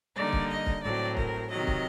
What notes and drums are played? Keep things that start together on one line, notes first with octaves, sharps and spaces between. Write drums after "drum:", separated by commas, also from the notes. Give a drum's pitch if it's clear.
D3 G3 A#3 D#4 D5
drum: kick
D#5
drum: kick
A2 F#3 C4 D5
A#4, drum: kick
C3 D#3 F#3 D#5
drum: kick